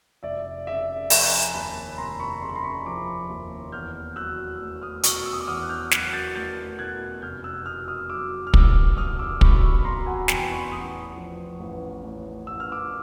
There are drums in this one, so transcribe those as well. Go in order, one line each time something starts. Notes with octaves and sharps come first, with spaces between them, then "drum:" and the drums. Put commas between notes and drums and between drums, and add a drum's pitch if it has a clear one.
F1 D5 E5
C#3 D5 E5
F3 G#5 A#5, drum: open hi-hat
D#2 A5 B5
F1 A#5 C6
B5 C#6
C#3 C6
B5
A#5 C6
B5 C#6
F3 C6 D6
D#2
E2 F6 G6
F#3 E6 F#6
A3
D#6 F6
B2 C#6 D#6, drum: hi-hat
E6
D#6
D6 E6
E2 D#6 F6
F#6
F6 G6
F#3 F#6 G#6, drum: snare
G6 A6
A3 G6 A6
B2 F#6 G#6
F1 F6 G6
E6 F#6
B2 D#6 F6
D#6 F6
F#3 D6 E6
F6
E2 D6 E6, drum: kick
F1 D#6 F6
D6 E6
B2 B5 C#6, drum: kick
B5 C#6
F#3 A#5 C6
F#5 G#5
E2 G5 A5, drum: snare
B5 C#6
A1 C#6 D#6
F3
A1
A2
A1 E6
F6
D6 E6